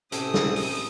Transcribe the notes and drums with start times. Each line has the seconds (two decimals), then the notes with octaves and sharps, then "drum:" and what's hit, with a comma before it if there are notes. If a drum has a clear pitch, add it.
0.12 A2 C3 C#4 A4 A5 D#6, drum: hi-hat
0.34 drum: snare
0.56 drum: open hi-hat